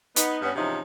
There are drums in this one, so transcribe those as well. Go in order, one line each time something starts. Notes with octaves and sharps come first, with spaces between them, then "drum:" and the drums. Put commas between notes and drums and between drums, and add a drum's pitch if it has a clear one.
B3 D#4, drum: hi-hat
G2 B3 C#4
G#2 C3 E3 F3 C#4 D#4